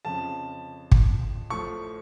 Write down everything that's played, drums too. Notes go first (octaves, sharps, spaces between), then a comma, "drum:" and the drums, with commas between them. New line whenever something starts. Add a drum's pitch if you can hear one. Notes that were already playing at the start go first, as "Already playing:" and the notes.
F2 C#3 F3 A5
drum: kick
A2 F3 C#6